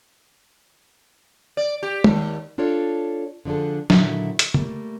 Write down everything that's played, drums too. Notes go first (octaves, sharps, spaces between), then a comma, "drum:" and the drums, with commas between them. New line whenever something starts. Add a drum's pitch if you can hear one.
D5
G4
D#2, drum: tom G#3
D4 F4 A4 C#5 D5
D3 F3 D4 G#4 A4
A#2 D3 D#3 F#3 D4 E4, drum: snare
drum: hi-hat
G3 A3 A#3, drum: tom